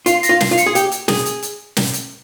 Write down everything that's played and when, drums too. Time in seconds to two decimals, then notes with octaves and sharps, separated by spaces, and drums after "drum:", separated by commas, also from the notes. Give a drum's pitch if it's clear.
0.06 F4 C7, drum: hi-hat
0.23 A#6, drum: hi-hat
0.29 F4
0.40 C7, drum: snare
0.51 F4
0.58 C#7, drum: hi-hat
0.66 G#4
0.75 G4, drum: hi-hat
0.92 drum: hi-hat
1.08 G#4, drum: snare
1.26 drum: hi-hat
1.43 drum: hi-hat
1.76 drum: snare
1.93 drum: hi-hat